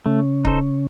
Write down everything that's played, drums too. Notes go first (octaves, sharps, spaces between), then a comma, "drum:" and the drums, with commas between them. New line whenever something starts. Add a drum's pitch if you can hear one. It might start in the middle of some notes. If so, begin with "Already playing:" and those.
C#3 A3 C#4
D#4 A4 C5, drum: kick C#1